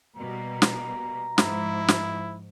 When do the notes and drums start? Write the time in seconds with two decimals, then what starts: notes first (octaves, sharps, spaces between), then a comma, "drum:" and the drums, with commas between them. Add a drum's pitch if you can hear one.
0.16 B2 G3 A#3 A#5
0.62 drum: snare
1.38 G#2 F3 E4, drum: snare
1.88 drum: snare